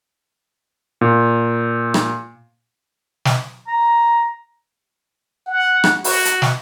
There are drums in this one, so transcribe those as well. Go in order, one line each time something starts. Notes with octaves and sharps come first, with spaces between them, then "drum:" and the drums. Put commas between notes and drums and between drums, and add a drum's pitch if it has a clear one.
A#2
drum: rim click
drum: snare
A#5
F#5
drum: rim click
F#4, drum: open hi-hat
drum: hi-hat
drum: snare